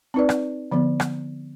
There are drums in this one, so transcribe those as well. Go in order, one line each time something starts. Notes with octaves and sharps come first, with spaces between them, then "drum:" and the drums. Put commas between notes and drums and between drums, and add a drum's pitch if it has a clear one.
C4 D#4 B4 D5
drum: rim click
D3 F3 B3
drum: rim click